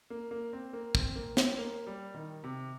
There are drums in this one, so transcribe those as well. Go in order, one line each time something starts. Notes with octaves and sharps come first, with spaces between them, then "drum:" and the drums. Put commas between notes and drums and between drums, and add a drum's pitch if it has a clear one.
A#3
A#3
C4
A#3
C4, drum: kick
A#3
C4, drum: snare
A#3
G3
D#3
C3